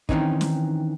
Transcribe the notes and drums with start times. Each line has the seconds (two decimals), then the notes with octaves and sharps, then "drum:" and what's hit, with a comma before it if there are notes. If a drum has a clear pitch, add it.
0.09 D#3 E3 C4 C#4 D#4, drum: kick
0.41 drum: snare